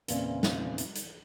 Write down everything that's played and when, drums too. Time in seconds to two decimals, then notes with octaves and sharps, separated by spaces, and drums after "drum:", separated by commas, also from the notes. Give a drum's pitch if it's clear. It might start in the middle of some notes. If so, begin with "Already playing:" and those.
0.08 E2 A#2 C#3 C4 D5 G#5, drum: hi-hat
0.43 drum: snare
0.78 drum: hi-hat
0.95 drum: hi-hat